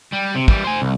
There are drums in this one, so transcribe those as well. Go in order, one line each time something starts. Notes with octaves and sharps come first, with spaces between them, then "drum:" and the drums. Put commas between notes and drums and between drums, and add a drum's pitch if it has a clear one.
G3
C3
E3 G3, drum: kick
C5 G#5
C2